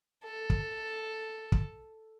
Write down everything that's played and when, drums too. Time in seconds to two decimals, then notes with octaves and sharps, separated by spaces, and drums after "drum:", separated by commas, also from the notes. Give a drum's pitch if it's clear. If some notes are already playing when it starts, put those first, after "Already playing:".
0.24 A4
0.50 drum: kick
1.52 drum: kick